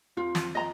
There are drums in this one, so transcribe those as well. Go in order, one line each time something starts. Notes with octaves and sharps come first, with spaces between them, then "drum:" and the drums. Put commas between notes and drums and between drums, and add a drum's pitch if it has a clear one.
F2 F3 F4
drum: snare
D#5 A#5